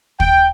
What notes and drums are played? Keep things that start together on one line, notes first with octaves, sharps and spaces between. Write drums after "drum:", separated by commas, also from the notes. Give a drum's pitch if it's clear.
G5, drum: kick